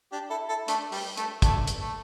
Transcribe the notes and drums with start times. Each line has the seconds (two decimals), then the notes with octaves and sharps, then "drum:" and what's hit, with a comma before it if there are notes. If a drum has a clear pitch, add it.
0.12 D4 G4
0.30 E4 A4
0.49 E4 A4
0.68 A3 D4, drum: hi-hat
0.92 G3, drum: open hi-hat
1.17 A3, drum: hi-hat
1.42 A3 D4, drum: kick, hi-hat
1.67 drum: hi-hat
1.80 A3